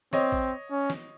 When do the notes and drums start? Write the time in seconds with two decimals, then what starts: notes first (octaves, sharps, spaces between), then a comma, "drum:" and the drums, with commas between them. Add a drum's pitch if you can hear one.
0.13 C4 C#5 D#5, drum: snare
0.32 drum: kick A1
0.71 C#4
0.90 drum: snare